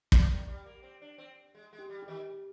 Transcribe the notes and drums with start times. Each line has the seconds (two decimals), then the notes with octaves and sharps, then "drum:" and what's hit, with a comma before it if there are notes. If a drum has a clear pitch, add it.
0.12 F3 D5, drum: kick
0.30 D#3
0.48 G3
0.66 A#3
0.83 C4
1.02 D4
1.18 C4
1.55 G#3
1.73 G#3
1.79 G4
1.89 G3
2.02 G4
2.08 D#3